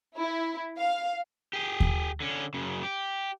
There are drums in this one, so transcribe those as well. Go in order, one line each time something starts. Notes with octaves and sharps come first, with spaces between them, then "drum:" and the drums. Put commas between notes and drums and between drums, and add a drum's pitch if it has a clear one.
E4
F5
G4 G#4
drum: kick D#2
D3 C#4
F#2 C#3
G4